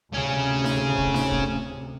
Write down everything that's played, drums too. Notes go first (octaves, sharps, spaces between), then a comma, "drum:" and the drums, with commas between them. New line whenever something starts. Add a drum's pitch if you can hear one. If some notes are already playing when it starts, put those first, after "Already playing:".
D2 A2 C3 C#4 G#4
drum: snare D#4
drum: kick D#1
drum: snare D#4
drum: kick D#1